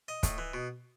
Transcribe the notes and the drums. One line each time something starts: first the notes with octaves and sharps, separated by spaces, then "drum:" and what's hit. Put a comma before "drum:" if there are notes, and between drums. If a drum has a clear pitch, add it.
D#5
A2, drum: kick, hi-hat
E3
B2